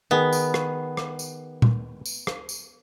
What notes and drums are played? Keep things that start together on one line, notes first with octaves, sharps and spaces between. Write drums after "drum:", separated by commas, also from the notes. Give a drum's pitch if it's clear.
D#3 B3 G#4
drum: tambourine
drum: rim click
drum: rim click
drum: tambourine
drum: tom A#2
drum: tambourine
drum: rim click
drum: tambourine